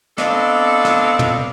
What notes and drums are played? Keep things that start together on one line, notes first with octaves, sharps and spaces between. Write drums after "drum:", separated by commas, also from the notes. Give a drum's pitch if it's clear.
B3 C4 D4 A4 D#5 F5, drum: snare
drum: snare
drum: tom